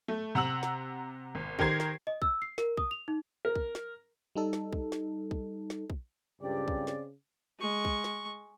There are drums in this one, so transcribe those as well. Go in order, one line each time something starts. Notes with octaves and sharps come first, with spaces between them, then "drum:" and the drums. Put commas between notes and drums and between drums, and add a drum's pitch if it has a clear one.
A3
C3 F#5 A#5 E6 F#7
drum: snare
G#1
D#3 G4 A#4 C5 G#6 C7, drum: kick
drum: snare
D#5
E6, drum: kick
C7
A#4, drum: snare
D#6, drum: kick
F7
D#4
A#4
drum: kick
drum: snare
G3 D#4 A4
drum: snare
drum: kick
drum: snare
drum: kick
drum: snare
drum: kick
C#2 G2 C#3 C4 G4 D5
drum: kick
drum: snare
G#3 C#6
drum: kick
drum: snare